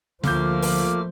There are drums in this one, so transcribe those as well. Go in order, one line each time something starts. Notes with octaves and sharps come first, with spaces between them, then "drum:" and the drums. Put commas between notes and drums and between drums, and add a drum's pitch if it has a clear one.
D2 F3 A3 A#3 F4 D6 F6 G6, drum: snare
drum: open hi-hat